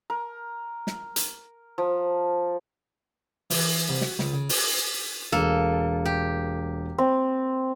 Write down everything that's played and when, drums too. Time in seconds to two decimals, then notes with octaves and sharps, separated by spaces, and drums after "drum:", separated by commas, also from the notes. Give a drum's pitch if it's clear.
0.10 A#4
0.87 drum: snare
1.16 drum: hi-hat
1.78 F3
3.50 E3, drum: open hi-hat
3.89 C2
4.01 F#4, drum: snare
4.19 C#2, drum: snare
4.33 C#3
4.49 drum: open hi-hat
5.32 E1 A#3 G#4 A4
6.05 G4
6.98 C4